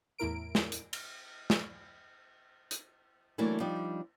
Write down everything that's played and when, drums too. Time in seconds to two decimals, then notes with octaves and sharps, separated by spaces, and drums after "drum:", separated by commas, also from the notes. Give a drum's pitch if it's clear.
0.18 E2 A2 E4 A#4 D7
0.55 drum: snare
0.72 drum: hi-hat
0.93 drum: cymbal
1.50 drum: snare
2.71 drum: hi-hat
3.38 E3 F#3 A3 A#3 D4 E4
3.60 F3 G3 D4 D#4